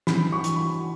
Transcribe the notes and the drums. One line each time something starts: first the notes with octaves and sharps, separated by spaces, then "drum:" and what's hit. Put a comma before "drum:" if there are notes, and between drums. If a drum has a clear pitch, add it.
E3 B5, drum: snare
C#6
E3, drum: hi-hat
B5